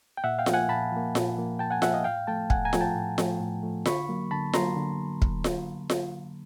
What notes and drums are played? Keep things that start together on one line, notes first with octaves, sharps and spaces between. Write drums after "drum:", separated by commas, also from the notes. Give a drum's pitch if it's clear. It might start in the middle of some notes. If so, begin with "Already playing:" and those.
G5
A#2 E5 F#5
F5 G5
F3, drum: snare F4
A#3 F#5 G#5
A#2 A5 B5
F3 A#3
A#2, drum: snare F4
F3 A#3
A#2 G5 A5
F#5 G#5
F3 A#3 E5 F#5, drum: snare F4
D#5 F5
A2 F5 G5
F3 A3 G5 A5
A2 F#5 G#5, drum: kick
G#5 A#5
F3 A3, drum: snare F4
G5 A5
A2
F3 A3, drum: snare F4
A2
F3 A3
D3 B5 C#6, drum: snare F4
F#3 A#3
D3 A5 B5
F#3 A#3 A#5 C6, drum: snare F4
D3
drum: kick
drum: snare F4
drum: snare F4